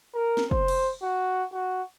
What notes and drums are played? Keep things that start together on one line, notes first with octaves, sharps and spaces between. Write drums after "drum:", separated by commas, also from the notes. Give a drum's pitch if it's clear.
A#4
drum: snare
C5, drum: kick
drum: cymbal
F#4
F#4